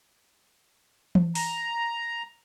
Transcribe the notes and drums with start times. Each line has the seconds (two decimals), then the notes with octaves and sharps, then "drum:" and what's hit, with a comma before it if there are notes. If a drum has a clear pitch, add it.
1.15 drum: tom E3
1.35 A#5, drum: open hi-hat